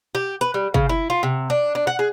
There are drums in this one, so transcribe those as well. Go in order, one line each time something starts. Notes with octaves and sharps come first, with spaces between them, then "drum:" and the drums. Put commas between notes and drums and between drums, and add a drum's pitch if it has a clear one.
G4
B4, drum: hi-hat
G3
C#3, drum: kick
E4
F4
C3
D4
D4
F#5
G#4